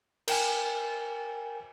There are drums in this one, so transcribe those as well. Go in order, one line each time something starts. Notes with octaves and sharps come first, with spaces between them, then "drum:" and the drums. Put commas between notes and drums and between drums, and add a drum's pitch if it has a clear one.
A#4 G5 G#5, drum: cymbal